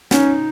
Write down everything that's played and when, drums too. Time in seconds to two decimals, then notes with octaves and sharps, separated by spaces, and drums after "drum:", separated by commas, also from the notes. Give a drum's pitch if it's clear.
0.11 C#4 D#4, drum: snare